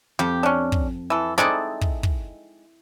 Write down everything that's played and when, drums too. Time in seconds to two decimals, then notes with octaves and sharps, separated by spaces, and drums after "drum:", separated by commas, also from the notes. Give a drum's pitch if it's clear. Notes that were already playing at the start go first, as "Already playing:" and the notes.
0.19 F2 G4
0.43 C#4 D4
0.72 drum: kick
1.10 E3 A4
1.38 G#3 C4 D#4 E4 A4 D5
1.81 drum: kick
2.03 drum: kick